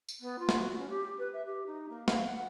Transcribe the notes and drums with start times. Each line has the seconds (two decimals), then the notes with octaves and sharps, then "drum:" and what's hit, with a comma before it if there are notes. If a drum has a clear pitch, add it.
0.09 drum: tambourine
0.20 B3
0.39 F4
0.49 drum: snare
0.59 F#4
0.77 C#4
0.89 G4
1.18 B4
1.33 E5
1.46 G4
1.66 D#4
1.89 A#3
2.08 F5, drum: snare
2.26 F#5